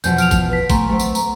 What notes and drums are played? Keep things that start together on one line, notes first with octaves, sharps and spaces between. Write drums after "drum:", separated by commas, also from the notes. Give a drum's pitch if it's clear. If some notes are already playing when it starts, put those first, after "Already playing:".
E2 B2 F3 G6, drum: tambourine
F6 D7 F7, drum: tambourine
drum: kick G#1, tambourine
B4 B6
A3 G#5 A#5 C6, drum: kick G#1, tambourine
A3 B3 C4
drum: tambourine
A#5, drum: tambourine